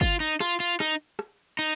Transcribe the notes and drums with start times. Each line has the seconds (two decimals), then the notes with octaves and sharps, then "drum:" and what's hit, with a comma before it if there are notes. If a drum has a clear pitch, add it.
0.01 F4, drum: kick G1
0.20 D#4
0.40 F4, drum: rim click
0.60 F4
0.80 D#4, drum: rim click
1.19 drum: rim click
1.59 D#4